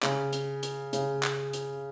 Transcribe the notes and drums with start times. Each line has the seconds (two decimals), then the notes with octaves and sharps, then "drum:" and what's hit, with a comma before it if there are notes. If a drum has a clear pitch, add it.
0.03 C#3, drum: clap
0.32 drum: hi-hat
0.63 drum: hi-hat
0.93 C#3, drum: hi-hat
1.23 drum: clap
1.53 drum: hi-hat